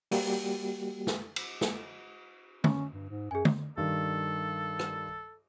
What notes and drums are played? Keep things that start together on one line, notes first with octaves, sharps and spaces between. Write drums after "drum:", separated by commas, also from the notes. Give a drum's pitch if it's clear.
G3 A#3 F#4 G4, drum: open hi-hat
drum: snare
drum: cymbal
drum: snare
C#4, drum: tom
G2
G#2
F#2 G#4 G#5
drum: tom
G2 D#3 A4
drum: rim click